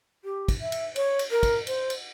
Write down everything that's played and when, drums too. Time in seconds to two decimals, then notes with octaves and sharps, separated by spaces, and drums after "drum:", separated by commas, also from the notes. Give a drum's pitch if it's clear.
0.24 G4
0.48 drum: kick, cymbal
0.61 E5
0.72 drum: cymbal
0.96 C#5, drum: cymbal
1.19 drum: cymbal
1.31 A#4
1.43 drum: kick, cymbal
1.67 C5, drum: cymbal
1.90 drum: cymbal